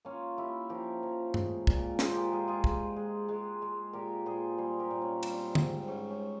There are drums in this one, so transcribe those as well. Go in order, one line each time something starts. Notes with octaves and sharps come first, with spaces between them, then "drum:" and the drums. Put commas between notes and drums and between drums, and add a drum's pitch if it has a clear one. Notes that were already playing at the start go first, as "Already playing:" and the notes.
A#3 C#4 F4
A#3 E4 G4
F3 G4 A#4
F3
G#3, drum: tom G2
A#2, drum: kick
A#2 G#4 C5, drum: snare
G4 A#4
G#3 F4 G#4
F4 G#4
G#3, drum: kick
G#3
G#3
G#3
A#2 G4 A#4
A#2 G#4 C5
G3 G#4 C5
G4 A#4
A#2
C#4
G3 C4, drum: cymbal
G#2, drum: tom
G#2 C#4
C#4